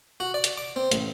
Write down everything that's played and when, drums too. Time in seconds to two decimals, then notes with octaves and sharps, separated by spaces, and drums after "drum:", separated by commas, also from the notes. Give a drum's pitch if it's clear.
0.20 F#4
0.34 D5
0.44 drum: hi-hat
0.58 D6
0.76 C4
0.92 A1, drum: hi-hat